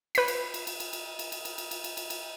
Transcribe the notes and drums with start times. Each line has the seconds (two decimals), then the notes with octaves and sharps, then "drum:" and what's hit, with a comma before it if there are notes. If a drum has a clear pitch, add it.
0.15 B4 B6, drum: cymbal
0.28 drum: cymbal
0.54 drum: cymbal
0.67 drum: cymbal
0.80 drum: cymbal
0.93 drum: cymbal
1.19 drum: cymbal
1.32 drum: cymbal
1.45 drum: cymbal
1.58 drum: cymbal
1.71 drum: cymbal
1.84 drum: cymbal
1.97 drum: cymbal
2.10 drum: cymbal